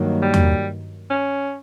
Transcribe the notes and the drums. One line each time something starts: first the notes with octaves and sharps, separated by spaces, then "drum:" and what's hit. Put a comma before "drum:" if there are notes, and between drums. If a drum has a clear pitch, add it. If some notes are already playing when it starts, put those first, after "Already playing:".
Already playing: G2 D#3 F#3 A#3
G3
drum: tom E2
C#4